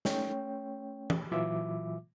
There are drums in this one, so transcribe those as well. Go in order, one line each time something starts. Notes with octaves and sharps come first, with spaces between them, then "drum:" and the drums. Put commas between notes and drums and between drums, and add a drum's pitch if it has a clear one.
A3 C#4 C#5 G5, drum: snare
drum: tom E3
A#2 E3 F#3 F4 E5 D6